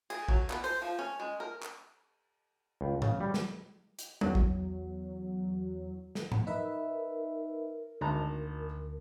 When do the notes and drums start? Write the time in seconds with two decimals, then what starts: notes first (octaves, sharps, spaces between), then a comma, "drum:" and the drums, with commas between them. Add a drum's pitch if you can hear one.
0.10 G#4, drum: cymbal
0.29 F#3, drum: kick A#1
0.50 B3, drum: clap
0.64 C5, drum: open hi-hat
0.82 F3
0.99 C#4
1.20 G#3
1.40 A#4
1.63 drum: clap
2.81 C#2
3.02 C#3, drum: tom G#2
3.20 G3
3.34 drum: snare
3.99 drum: hi-hat
4.21 E2 F#3, drum: tom F#3
4.35 drum: kick A#1
6.15 drum: snare
6.32 drum: tom G#2
6.47 D#4 A#4 B4 E5
8.01 G#1 D2 A5 A#5